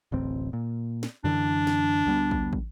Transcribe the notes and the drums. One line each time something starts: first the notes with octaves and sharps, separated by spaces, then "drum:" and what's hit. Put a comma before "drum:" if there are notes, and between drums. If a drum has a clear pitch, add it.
D1 A1 C4
A#2
drum: snare
F#2 D3 E3 D4
drum: snare
D2 G3 B3
drum: kick
drum: kick